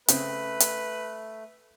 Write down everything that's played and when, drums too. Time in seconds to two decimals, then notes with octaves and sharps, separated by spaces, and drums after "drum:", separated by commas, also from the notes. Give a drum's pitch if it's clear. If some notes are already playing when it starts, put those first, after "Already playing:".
0.08 C#3 A3 C4 B4, drum: hi-hat
0.60 drum: hi-hat